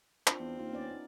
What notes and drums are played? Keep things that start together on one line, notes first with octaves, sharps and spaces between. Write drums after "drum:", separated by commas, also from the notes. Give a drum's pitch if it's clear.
C4 D4 F4, drum: clap
E2
D#2 F4
B3 C#4 D5
D#4